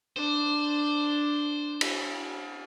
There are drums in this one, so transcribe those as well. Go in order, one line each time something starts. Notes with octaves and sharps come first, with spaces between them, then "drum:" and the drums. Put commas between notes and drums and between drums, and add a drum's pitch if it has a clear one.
D4 C5
drum: cymbal